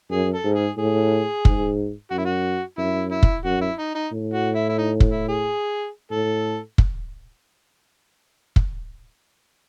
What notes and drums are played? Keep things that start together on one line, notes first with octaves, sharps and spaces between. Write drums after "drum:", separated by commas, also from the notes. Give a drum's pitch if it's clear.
F#2 G#4
A4
G#2
G#4
A2 G#4
G#2, drum: kick
F#2 F#4
E4
F#4
F#2 E4
E4
drum: kick
F#2 F#4
E4
D#4
D#4
A2
F#4
E4
E4
D#4
drum: kick
E4
G#4
A2 A4
drum: kick
drum: kick